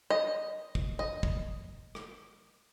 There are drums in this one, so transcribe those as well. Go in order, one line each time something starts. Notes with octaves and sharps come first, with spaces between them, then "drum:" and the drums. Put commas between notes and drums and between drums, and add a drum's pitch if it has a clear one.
D#5
drum: kick
D#5
drum: kick
drum: rim click